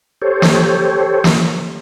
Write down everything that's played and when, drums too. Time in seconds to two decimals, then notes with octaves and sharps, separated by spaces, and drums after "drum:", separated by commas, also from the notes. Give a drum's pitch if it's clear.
0.22 G4 A4 C5 C#5
0.42 drum: snare
1.24 drum: snare